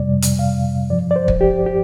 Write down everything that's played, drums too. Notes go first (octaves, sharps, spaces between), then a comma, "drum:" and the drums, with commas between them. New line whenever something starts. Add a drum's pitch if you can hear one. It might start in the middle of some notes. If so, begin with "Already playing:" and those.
Already playing: F2 C3 G3 D5
drum: hi-hat
F5
G2 F3 D5
D5
C5
drum: kick
G4
G4